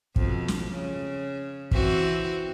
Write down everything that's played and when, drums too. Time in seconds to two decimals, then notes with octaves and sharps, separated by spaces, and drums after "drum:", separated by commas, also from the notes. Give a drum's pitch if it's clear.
0.16 F2 B2, drum: kick
0.48 drum: snare
0.70 C#3
1.71 E3 C4 F#4, drum: kick